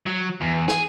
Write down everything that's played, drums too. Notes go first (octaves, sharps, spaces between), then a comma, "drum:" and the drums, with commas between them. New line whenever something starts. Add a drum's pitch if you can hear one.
F#3
E2
G#4, drum: snare